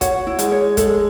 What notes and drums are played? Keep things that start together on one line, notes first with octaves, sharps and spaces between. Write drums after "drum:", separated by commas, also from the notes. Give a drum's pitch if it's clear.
F#4 C#5, drum: kick, hi-hat
E4
G#3, drum: hi-hat
C#5
G#3 A4, drum: kick, hi-hat